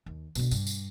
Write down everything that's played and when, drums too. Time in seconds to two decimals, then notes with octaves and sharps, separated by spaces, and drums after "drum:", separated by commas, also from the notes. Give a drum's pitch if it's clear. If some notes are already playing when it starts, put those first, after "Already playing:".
0.06 D#2
0.35 B2 D3, drum: tambourine
0.51 G2, drum: tambourine
0.67 drum: tambourine